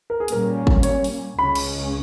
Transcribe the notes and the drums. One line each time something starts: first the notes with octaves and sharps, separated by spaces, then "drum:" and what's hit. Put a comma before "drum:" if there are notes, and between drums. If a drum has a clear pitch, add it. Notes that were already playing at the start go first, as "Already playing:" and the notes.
A#4
G#4
A#2 G3 A#3 C#4 A#4, drum: hi-hat
drum: kick G#1
C#5, drum: hi-hat
drum: open hi-hat
C#2 C#3 G#3 C#4 B5
drum: cymbal